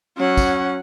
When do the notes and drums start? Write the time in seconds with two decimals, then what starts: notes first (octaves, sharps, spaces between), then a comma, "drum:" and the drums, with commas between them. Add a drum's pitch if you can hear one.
0.17 F#3 C#4 F#5
0.37 drum: kick, tambourine